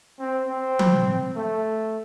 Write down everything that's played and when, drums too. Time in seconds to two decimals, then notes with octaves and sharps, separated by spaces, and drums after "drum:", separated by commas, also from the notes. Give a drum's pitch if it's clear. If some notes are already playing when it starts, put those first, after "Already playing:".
0.20 C4
0.49 C4
0.79 drum: tom F3
1.36 A3